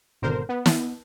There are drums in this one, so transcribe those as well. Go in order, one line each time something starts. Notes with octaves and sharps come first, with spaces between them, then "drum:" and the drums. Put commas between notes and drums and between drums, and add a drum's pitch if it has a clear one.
G#1 B2 D3 A#4 C5
B3
drum: snare